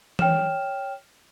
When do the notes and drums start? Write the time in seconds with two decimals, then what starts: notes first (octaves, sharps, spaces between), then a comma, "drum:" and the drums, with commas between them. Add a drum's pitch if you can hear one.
0.19 C#5 G5 F6 E7, drum: tom E3